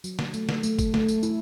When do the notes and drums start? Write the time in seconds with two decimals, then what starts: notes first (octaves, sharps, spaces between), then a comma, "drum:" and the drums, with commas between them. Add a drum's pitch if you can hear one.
0.04 F#3, drum: tambourine
0.19 drum: snare
0.34 A3, drum: tambourine
0.49 drum: snare
0.63 A3, drum: tambourine
0.79 drum: kick G1, tambourine
0.94 A3, drum: snare
1.09 drum: tambourine
1.23 E4, drum: tambourine